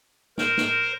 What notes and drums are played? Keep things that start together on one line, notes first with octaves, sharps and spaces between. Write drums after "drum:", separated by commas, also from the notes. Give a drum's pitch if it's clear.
A#4 C5, drum: snare
drum: snare